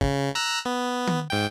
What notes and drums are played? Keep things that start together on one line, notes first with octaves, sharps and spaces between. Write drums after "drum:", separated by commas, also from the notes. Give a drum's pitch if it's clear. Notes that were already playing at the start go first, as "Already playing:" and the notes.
C#3, drum: kick
A#5 E6 F#6
B3
drum: tom D#3
G#2 G5